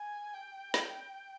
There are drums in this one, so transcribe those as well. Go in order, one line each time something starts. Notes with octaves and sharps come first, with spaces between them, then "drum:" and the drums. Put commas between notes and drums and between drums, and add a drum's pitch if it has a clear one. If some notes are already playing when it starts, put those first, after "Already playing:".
Already playing: G#5
G5
drum: snare